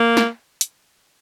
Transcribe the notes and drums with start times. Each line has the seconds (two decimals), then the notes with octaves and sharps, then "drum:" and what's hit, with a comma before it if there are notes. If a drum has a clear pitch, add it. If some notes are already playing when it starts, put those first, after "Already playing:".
Already playing: A#3
0.17 drum: snare
0.61 drum: hi-hat